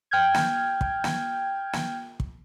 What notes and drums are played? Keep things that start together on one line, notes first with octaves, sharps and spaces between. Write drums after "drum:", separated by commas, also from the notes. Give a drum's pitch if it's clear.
G5 F6 G6 G#6
drum: snare
drum: kick
drum: snare
drum: snare
drum: kick